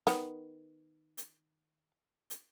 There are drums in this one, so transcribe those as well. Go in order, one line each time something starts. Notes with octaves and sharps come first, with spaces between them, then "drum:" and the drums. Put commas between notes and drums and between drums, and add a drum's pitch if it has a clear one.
D#3 B3, drum: snare
drum: hi-hat
drum: hi-hat